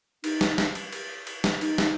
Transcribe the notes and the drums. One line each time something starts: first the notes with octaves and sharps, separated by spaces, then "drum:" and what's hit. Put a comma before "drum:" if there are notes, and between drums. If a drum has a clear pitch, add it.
D#4, drum: cymbal
drum: snare
drum: snare
drum: cymbal
drum: cymbal
drum: cymbal
drum: snare
D#4, drum: cymbal
drum: snare